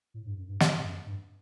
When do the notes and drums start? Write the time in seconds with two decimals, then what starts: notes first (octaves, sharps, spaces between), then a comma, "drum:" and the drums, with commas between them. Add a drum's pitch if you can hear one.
0.14 A2
0.26 G2
0.37 F#2
0.49 G2
0.60 A2, drum: snare
0.83 F#2
1.06 G2